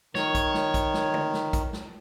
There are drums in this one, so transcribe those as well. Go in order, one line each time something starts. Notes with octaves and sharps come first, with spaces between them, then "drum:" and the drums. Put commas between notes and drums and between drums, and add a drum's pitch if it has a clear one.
D#3 C#5, drum: snare
drum: kick, hi-hat
drum: snare
drum: kick, hi-hat
drum: snare
drum: tom D3
drum: snare
drum: kick, hi-hat
drum: snare